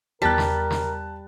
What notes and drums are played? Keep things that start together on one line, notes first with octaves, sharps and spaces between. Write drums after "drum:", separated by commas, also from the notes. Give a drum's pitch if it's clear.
E2 G3 A#4 A5 F#6 A6 B6
drum: snare
drum: snare